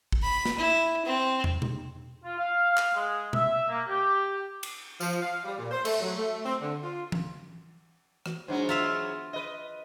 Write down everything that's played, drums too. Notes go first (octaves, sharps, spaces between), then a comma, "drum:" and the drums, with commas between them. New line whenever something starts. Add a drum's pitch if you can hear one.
drum: kick
B5
drum: snare
E4
C4
drum: tom
drum: tom B2
F4
F5
drum: clap
G#3
E5, drum: tom B2
A#3
G4
drum: cymbal
F3, drum: tambourine
F5
G3
A#2
C5
A3, drum: cymbal
F#3
A3
C4
D3
F4
drum: tom E3
E3 F#4, drum: rim click
G#2 F#3 B3 D4 C5
F4 E5 F5 A#5
B4 D#5